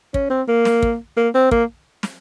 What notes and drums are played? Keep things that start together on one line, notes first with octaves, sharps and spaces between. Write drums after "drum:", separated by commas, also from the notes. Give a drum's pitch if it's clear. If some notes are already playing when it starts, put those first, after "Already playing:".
C#4, drum: kick
C4
A#3
drum: snare
drum: kick
A#3
C4
A#3, drum: kick
drum: snare